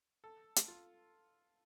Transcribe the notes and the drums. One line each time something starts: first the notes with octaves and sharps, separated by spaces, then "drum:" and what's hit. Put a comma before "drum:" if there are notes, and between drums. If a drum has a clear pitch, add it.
A4
drum: hi-hat
F4